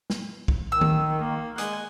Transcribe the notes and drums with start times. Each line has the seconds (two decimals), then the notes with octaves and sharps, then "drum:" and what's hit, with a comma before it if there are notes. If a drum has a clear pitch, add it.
0.10 drum: snare
0.48 drum: kick
0.72 D#3 E6
0.81 drum: tom
1.20 A#3
1.58 G#3 D#5 F#5 G#5, drum: hi-hat